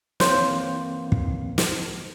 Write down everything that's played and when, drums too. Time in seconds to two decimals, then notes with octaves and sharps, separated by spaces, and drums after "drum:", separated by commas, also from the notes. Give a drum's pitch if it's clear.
0.20 E3 A#3 C4 C5 C#5 C6, drum: snare
1.12 drum: kick
1.58 drum: snare